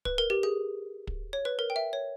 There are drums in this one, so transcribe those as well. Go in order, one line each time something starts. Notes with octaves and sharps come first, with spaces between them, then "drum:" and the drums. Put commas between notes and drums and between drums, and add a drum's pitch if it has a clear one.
B4, drum: kick
A#4
G4
G#4
drum: kick
C#5
B4
A#4
G5
E5
C#5